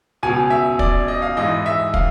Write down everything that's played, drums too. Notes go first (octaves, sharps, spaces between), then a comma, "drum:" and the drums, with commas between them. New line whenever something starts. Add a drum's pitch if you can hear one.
C#2 B2 G#5
E5
D5, drum: kick
D#5
F5
G#2 E3 D#5
E5
F5, drum: kick